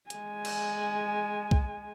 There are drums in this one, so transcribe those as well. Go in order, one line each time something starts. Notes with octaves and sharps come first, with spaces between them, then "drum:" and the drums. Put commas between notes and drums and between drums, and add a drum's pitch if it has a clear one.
G#3 G#5, drum: hi-hat
drum: cymbal
drum: kick